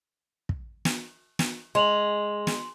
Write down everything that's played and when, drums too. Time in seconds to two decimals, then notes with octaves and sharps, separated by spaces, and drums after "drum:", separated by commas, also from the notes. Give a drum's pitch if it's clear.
0.49 drum: kick
0.85 drum: snare
1.39 drum: snare
1.75 G#3 C6 F7 F#7
2.47 drum: snare